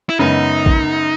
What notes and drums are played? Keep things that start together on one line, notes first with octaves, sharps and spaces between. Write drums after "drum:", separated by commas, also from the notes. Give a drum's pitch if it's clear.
E4
F#2 C#3 G#3 B3 D#4
drum: kick